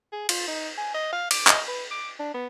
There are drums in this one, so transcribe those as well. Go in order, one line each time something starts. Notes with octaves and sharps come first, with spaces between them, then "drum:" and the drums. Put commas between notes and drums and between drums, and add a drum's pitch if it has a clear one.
G#4
F4, drum: cymbal
D#4
G#5
D#5
F5
D6, drum: cymbal
D#5, drum: clap
B4
D6
D4
B3